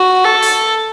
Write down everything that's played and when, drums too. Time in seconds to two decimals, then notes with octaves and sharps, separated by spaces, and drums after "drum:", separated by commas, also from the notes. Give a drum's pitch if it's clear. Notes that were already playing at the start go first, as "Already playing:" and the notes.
Already playing: F#4
0.25 A4
0.42 drum: open hi-hat